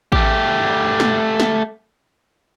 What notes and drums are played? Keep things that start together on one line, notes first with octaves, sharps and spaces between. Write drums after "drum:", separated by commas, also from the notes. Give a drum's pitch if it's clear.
A3 G4, drum: kick A1
drum: snare
drum: snare